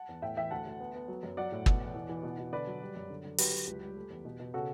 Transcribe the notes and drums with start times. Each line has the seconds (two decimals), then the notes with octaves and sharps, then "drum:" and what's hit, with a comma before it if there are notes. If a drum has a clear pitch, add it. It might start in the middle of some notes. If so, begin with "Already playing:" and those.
Already playing: F#5 A5
0.09 E2
0.22 A2 E5 G5
0.37 E3 E5 G5
0.51 D2 F#5 A5
0.66 D2
0.80 B3
0.95 B3
1.08 F#3
1.23 F#2
1.37 F#3 D5 F#5
1.52 A2
1.66 B2, drum: kick
1.81 E2
1.94 E3
2.09 E3
2.23 B2
2.38 B2
2.52 D3 B4 D5
2.67 F#3
2.81 G3
2.95 F#2
3.10 D3
3.25 D3
3.38 F#3 G4 B4, drum: open hi-hat
3.53 F#3
3.67 C#2
3.82 G3
3.97 A3
4.10 E2
4.25 B2
4.39 B2
4.54 C#3 F#4 A4